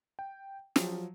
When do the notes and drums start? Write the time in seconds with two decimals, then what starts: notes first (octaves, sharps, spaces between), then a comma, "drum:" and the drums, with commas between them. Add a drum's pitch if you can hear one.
0.19 G5
0.76 F3 F#3, drum: snare